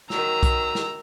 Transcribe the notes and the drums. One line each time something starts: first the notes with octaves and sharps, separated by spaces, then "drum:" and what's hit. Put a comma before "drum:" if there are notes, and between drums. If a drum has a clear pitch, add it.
D#3 F#3 A#5 E6, drum: snare
drum: kick B1, hi-hat
drum: snare